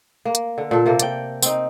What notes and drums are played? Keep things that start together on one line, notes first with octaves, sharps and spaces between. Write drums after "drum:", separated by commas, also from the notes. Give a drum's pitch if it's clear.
A#3
drum: hi-hat
D3
A#2 A4
C3 A#3 A4
D5 G5, drum: hi-hat
C4 D#4, drum: tambourine